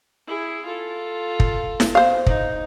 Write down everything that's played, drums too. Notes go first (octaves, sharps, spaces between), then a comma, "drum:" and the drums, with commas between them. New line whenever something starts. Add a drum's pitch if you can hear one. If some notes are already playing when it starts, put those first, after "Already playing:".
E4 G#4
F4 A4
drum: kick
drum: snare E4
C5 F5
D#4, drum: kick